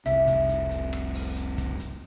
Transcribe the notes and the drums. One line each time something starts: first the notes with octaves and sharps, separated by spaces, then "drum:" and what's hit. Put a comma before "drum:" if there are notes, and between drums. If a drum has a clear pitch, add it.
F1 C2 C3 E5, drum: hi-hat
drum: kick, hi-hat
drum: hi-hat
drum: hi-hat
drum: rim click
drum: open hi-hat
drum: hi-hat
drum: kick, hi-hat
drum: hi-hat